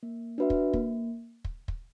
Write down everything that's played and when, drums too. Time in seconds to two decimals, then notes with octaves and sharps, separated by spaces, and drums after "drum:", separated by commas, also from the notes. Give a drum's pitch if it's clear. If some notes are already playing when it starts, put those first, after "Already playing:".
0.03 A#3
0.38 D4 F#4 B4 E5
0.50 drum: kick
0.73 A#3, drum: kick
1.45 drum: kick
1.68 drum: kick